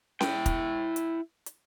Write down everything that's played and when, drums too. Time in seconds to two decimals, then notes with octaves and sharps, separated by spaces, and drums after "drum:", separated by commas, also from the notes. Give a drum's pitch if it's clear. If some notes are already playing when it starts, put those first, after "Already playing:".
0.21 E4 G5, drum: snare C#4
0.46 drum: kick, hi-hat
0.96 drum: hi-hat
1.46 drum: hi-hat